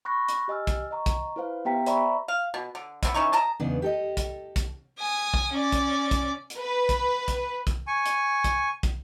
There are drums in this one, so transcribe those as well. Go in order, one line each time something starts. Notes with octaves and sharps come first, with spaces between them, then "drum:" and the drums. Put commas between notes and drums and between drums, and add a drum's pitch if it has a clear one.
B5 C#6 F#6 A#6
drum: hi-hat
G4 D#5 G#5 E6 F6
drum: kick, hi-hat
D#5 A#5 C#6
drum: kick, hi-hat
E4 B4 C5 F5
B3 G4 E5 G5 A#5 B6
C5 D5 E5 A#5 B5 C#6, drum: hi-hat
F5
B2
D3
B3 C4 E4, drum: kick, hi-hat
E3 C#4 D#4 C#6
D#5 A5 A#5
E2 G#2 C#3 B3 D4
G4 A4 D#5
drum: kick, hi-hat
drum: kick, hi-hat
G#5 D#6
drum: kick
C#4 D5
drum: kick, hi-hat
drum: kick, hi-hat
drum: hi-hat
B4
drum: kick, hi-hat
drum: kick, hi-hat
drum: kick, hi-hat
G#5 C#6
drum: hi-hat
drum: kick, hi-hat
drum: kick, hi-hat